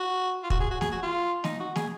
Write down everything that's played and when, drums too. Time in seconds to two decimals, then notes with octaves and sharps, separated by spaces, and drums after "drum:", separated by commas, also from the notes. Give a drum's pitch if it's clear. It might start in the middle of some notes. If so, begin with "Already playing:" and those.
Already playing: F#4
0.43 F4
0.50 F#4, drum: kick
0.60 G#4
0.71 F#4
0.81 G#4, drum: snare
0.92 F#4
1.02 F4
1.44 D#4, drum: snare
1.60 F#4
1.76 G#4, drum: snare